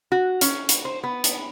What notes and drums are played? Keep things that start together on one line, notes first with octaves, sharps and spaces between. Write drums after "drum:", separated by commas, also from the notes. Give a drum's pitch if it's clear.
F#4
C#4, drum: hi-hat
drum: hi-hat
C5
B3
drum: hi-hat